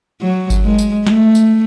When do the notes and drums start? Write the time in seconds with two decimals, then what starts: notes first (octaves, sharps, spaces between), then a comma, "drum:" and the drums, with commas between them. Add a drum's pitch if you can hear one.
0.21 F#3
0.50 drum: kick G1, tambourine
0.65 G#3
0.78 drum: tambourine
1.07 A3, drum: snare
1.35 drum: tambourine